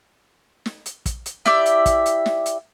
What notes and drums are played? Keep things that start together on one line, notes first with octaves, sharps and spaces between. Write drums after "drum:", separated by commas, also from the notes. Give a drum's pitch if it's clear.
drum: snare
drum: hi-hat
drum: kick, hi-hat
drum: hi-hat
E4 G4 D5 E5, drum: snare
drum: hi-hat
drum: kick, hi-hat
drum: hi-hat
drum: snare
drum: hi-hat